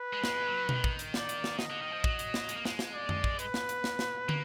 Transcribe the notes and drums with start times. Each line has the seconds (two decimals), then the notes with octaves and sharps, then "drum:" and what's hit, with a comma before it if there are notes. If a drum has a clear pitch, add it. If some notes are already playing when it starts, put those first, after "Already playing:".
Already playing: B4
0.13 G#3
0.24 G#3, drum: snare
0.47 F#3
0.69 D#3, drum: tom B2
0.84 drum: kick
0.99 drum: hi-hat
1.14 D5, drum: snare
1.29 drum: hi-hat
1.44 drum: snare
1.59 D#5, drum: snare
1.70 D3
1.81 D#3
1.93 F3
2.04 F#3, drum: kick
2.19 drum: hi-hat
2.34 drum: snare
2.49 G#3, drum: hi-hat
2.57 A#3
2.65 G#3, drum: snare
2.79 drum: snare
2.94 D5
3.09 drum: tom F#2
3.24 drum: kick
3.39 B4, drum: hi-hat
3.54 drum: snare
3.69 drum: hi-hat
3.84 drum: snare
3.99 drum: snare
4.29 A#3, drum: tom